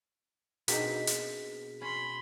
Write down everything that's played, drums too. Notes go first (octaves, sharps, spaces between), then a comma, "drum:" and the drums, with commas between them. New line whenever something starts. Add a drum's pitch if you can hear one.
B2 A#3 C4 D4 D#4 G#4 B6, drum: hi-hat
drum: hi-hat
C#4 B5 C6